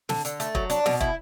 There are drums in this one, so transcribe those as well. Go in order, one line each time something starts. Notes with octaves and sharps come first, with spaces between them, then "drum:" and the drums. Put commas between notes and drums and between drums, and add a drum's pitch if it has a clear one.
D3, drum: snare
D3, drum: hi-hat
A3, drum: hi-hat
F#3, drum: kick
D4, drum: hi-hat
B2, drum: snare
E4, drum: kick